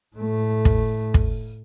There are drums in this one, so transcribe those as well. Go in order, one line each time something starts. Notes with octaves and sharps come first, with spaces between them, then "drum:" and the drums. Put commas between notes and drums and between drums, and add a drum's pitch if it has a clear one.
A2 A3
drum: kick
drum: kick